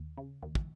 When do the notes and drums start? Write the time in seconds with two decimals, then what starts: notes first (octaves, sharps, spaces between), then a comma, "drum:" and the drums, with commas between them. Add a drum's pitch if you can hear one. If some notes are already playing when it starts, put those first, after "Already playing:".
Already playing: D#2
0.18 C#3
0.43 D#2
0.55 drum: kick